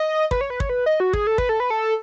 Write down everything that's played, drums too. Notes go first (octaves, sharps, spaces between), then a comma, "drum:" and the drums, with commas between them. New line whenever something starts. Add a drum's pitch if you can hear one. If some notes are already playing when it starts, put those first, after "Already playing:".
Already playing: D#5
B4, drum: kick
C#5
B4
C#5, drum: kick
B4
D#5
F#4
G#4, drum: kick
A4
B4, drum: kick
A4
B4
A4